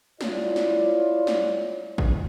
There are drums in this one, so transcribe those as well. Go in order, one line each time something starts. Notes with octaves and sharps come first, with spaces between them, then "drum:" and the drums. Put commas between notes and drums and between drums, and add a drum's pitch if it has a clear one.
E4 F4 C#5 D5, drum: snare
drum: snare
drum: snare
drum: kick